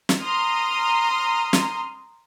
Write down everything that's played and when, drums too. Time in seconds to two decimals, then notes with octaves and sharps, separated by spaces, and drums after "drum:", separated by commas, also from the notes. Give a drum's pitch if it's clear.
0.09 drum: snare
0.20 A#5 C6 D#6 F6
1.53 drum: snare